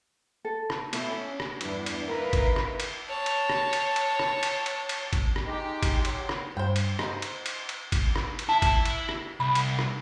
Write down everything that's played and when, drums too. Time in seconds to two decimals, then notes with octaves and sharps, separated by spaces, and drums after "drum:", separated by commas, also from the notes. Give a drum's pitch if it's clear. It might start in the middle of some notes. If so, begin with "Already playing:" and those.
0.45 A4
0.70 drum: rim click
0.93 B2 A3 E4, drum: cymbal
1.10 C#4
1.40 drum: rim click
1.61 E2 G2 B3 D4 E4 B4, drum: cymbal
1.86 drum: cymbal
2.07 D#4 A#4 B4 E5 F5
2.33 drum: kick G#1, cymbal
2.56 drum: rim click
2.80 drum: cymbal
3.08 C#5 A5
3.26 drum: cymbal
3.50 drum: rim click
3.73 drum: cymbal
3.96 drum: cymbal
4.19 drum: rim click
4.43 drum: cymbal
4.66 drum: cymbal
4.89 drum: cymbal
5.13 drum: kick G#1, cymbal
5.36 drum: rim click
5.46 G#3 D#4 G4
5.83 drum: kick G#1, cymbal
6.05 F#3 C6, drum: cymbal
6.29 drum: rim click
6.57 G2 C5 G5
6.76 drum: cymbal
6.99 D#4 C5 C6, drum: rim click
7.22 drum: cymbal
7.46 drum: cymbal
7.69 drum: cymbal
7.92 drum: kick G#1, cymbal
8.16 drum: rim click
8.39 drum: cymbal
8.49 E4 A5
8.62 drum: kick G#1, cymbal
8.85 drum: cymbal
9.09 drum: rim click
9.40 C2 B5
9.55 drum: cymbal
9.79 drum: rim click